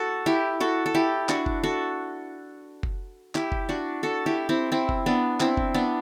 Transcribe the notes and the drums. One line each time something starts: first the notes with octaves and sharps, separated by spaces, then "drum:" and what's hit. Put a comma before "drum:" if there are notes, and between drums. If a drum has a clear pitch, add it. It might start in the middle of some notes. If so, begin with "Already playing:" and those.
Already playing: F#4 A4
E4 G4
F#4 A4
A4
E4 G4
D4 F#4, drum: clap
drum: kick F#1
F#4 A4
drum: kick F#1
E4 G4, drum: clap
drum: kick F#1
D4 F#4
F#4 A4
E4 G4
C4 E4
C4 E4
drum: kick F#1
B3 D4
C4 E4, drum: clap
drum: kick F#1
B3 D4